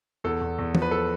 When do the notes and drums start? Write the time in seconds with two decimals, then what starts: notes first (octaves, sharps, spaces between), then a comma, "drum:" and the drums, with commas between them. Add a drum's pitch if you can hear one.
0.24 E2 A4
0.41 E2
0.59 E2
0.75 F3, drum: tom
0.82 B4
0.91 A4